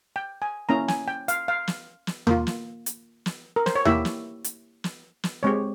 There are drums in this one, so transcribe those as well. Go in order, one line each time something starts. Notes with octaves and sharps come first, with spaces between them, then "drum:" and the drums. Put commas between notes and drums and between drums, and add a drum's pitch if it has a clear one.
G5
G#5
A#3 C#4 E4 A#5
G#5, drum: snare
G5
F5, drum: hi-hat
F5
drum: snare
drum: snare
A#3 F4, drum: tom D#2
drum: snare
drum: hi-hat
drum: snare
A#4
C5, drum: snare
C#5
A#3 E4 G4 E5, drum: tom D#2
drum: snare
drum: hi-hat
drum: snare
drum: snare
G#3 C4 G4 C#5